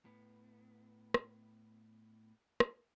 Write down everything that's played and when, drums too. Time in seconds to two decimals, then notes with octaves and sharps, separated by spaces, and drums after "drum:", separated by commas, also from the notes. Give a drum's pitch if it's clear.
0.05 A2 B3
1.14 drum: rim click
2.60 drum: rim click